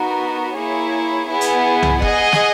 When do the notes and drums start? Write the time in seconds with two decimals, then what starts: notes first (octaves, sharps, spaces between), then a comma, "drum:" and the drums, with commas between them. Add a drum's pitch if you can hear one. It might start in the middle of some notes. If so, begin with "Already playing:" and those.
Already playing: B3 D#4 F#4 A#4
0.55 A#3 E4 G#4 C#5
1.28 B3 E4 G#4
1.41 drum: hi-hat
1.82 drum: tom C2
2.02 G#4 D#5 F#5, drum: kick
2.33 drum: snare